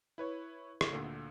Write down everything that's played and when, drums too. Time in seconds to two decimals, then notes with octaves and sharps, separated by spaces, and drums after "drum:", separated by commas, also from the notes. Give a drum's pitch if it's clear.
0.18 E4 B4 C#5
0.81 drum: rim click
0.91 D2 A#2 D3